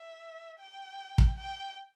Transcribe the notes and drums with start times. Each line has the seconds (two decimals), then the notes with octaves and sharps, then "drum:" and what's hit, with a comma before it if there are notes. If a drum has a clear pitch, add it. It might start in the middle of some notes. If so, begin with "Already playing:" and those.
Already playing: E5
0.60 G5
1.18 drum: kick
1.37 G5